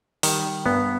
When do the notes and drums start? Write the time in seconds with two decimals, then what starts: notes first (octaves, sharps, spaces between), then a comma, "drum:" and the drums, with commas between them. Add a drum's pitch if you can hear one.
0.23 D#3 G3, drum: open hi-hat
0.66 G2 B3